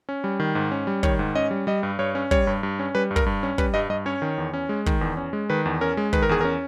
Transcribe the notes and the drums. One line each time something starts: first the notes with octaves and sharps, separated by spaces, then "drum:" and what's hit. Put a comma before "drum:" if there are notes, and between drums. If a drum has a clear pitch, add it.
C#4
G3
D#3
G#2
C#4
G3
D#3 C#5, drum: kick
G#2
C#4 D#5
G3
G3 D#5
G2
G2 C#5
C#4
G3 C#5, drum: kick
G2
G2
C#4
G3 B4
G2
A#4, drum: kick
G2
C#4
G3 B4, drum: kick
G2 D#5
G2 D#5
C#4 C#5
D#3
E2
C#4
G#3
D#3, drum: kick
E2
C#4
G#3
D#3 B4
E2
C#4 A#4
G#3
D#3 B4, drum: kick
A#4
E2 G#4
C#4 A#4